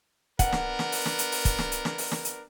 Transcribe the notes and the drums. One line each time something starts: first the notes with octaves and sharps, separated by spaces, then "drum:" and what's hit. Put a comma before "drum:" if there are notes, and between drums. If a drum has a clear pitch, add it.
B3 D4 A#4 F#5, drum: kick, hi-hat
drum: snare
drum: snare
drum: open hi-hat
drum: snare
drum: hi-hat
drum: open hi-hat
drum: kick, hi-hat
drum: snare
drum: hi-hat
drum: snare
drum: open hi-hat
drum: snare
drum: hi-hat